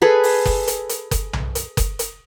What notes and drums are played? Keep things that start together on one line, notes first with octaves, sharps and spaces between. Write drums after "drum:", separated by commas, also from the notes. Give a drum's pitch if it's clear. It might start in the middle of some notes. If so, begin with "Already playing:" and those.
G#4 A4 B4
drum: open hi-hat
drum: kick F#1, open hi-hat
drum: hi-hat
drum: hi-hat
drum: kick F#1, hi-hat
drum: tom B1
drum: hi-hat
drum: kick F#1, hi-hat
drum: hi-hat